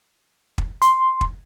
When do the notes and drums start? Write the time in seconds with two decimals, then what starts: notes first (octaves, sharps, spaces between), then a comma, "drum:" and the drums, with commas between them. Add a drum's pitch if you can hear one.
0.58 drum: kick
0.82 C6, drum: hi-hat
1.21 drum: kick